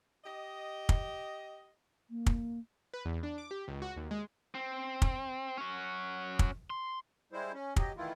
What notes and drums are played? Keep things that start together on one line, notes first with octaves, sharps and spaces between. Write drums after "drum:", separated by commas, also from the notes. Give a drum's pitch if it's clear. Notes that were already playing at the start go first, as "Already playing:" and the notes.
G4 D#5
drum: kick
A#3
drum: kick
B4
E2
D4
D6
G4
C#2
F#4
D#2
G#3
C4
drum: kick
C#4 F#4
drum: kick
C6
G3 G#3 E4 C5
C#4
F#3 G4 D#5, drum: kick
D#3 E3 A3 E4 F4